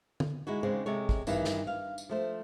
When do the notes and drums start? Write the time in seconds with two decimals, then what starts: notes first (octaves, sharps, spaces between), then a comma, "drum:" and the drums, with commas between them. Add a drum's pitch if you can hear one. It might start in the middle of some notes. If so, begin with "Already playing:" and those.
0.20 drum: tom D3
0.47 G#3 D#4 E4 F#4
0.63 D#2 C#3 G#3 C4 C5 D5
0.86 C3 G#3 A4 C#5
1.09 drum: kick
1.27 G2 D#3 E3 G3, drum: tambourine
1.45 drum: snare
1.67 F5
1.98 drum: tambourine
2.09 F3 A3 C5